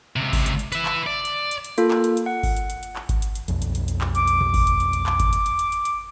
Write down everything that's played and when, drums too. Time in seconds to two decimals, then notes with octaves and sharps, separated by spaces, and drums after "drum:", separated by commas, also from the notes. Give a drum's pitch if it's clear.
0.16 C#2 C3
0.33 drum: kick G#1, open hi-hat
0.46 drum: hi-hat
0.59 drum: hi-hat
0.72 B4 E5, drum: hi-hat
0.86 drum: clap
1.06 D5
1.25 drum: hi-hat
1.51 drum: hi-hat
1.64 drum: hi-hat
1.78 A#3 F4 A4, drum: hi-hat
1.91 drum: clap
2.04 drum: hi-hat
2.17 drum: hi-hat
2.26 F#5
2.43 drum: kick G#1, open hi-hat
2.56 drum: hi-hat
2.70 drum: hi-hat
2.83 drum: hi-hat
2.96 drum: clap
3.09 drum: kick G#1, hi-hat
3.22 drum: hi-hat
3.35 drum: hi-hat
3.48 B1 F2, drum: hi-hat
3.62 drum: hi-hat
3.75 drum: hi-hat
3.88 drum: hi-hat
4.01 drum: clap
4.15 D6, drum: hi-hat
4.27 drum: hi-hat
4.41 drum: tom A#2
4.54 drum: kick G#1, open hi-hat
4.67 drum: hi-hat
4.80 drum: hi-hat
4.93 drum: hi-hat
5.06 drum: clap
5.20 drum: kick G#1, hi-hat
5.33 drum: hi-hat
5.46 drum: hi-hat
5.59 drum: hi-hat
5.72 drum: hi-hat
5.85 drum: hi-hat